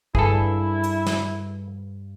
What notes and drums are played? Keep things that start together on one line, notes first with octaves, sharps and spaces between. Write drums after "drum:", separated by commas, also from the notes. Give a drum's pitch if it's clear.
G2 E4 G#4 A4, drum: kick
drum: hi-hat
drum: snare